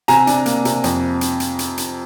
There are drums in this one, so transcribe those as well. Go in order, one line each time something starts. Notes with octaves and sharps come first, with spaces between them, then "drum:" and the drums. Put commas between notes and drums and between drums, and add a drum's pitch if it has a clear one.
C3 G#5 A#5, drum: hi-hat
D4, drum: hi-hat
A#3, drum: hi-hat
C3, drum: hi-hat
F2, drum: hi-hat
drum: hi-hat
drum: hi-hat
drum: hi-hat
drum: hi-hat